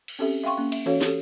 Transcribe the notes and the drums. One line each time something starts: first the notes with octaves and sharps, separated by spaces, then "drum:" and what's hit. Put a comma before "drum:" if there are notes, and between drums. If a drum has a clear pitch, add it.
drum: cymbal
C4 C#4 G4 A4 E5
E5 F5 G5 C6 C#6
A#3 C#4
E5, drum: cymbal
E3 C#4 F#4 A4 C#5 F5
G4 A4, drum: snare